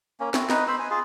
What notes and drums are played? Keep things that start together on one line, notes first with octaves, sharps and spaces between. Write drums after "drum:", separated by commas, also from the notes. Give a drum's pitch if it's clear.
A#3 C#4
C4 E4 F#4, drum: snare
D#4 B4 D#5, drum: snare
C5 B5 E6
G#5
F4 G#4